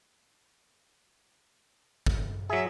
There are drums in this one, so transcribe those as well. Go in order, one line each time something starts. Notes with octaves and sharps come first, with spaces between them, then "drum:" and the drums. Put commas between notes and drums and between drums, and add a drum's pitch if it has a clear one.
drum: kick
F#3 G#4 E5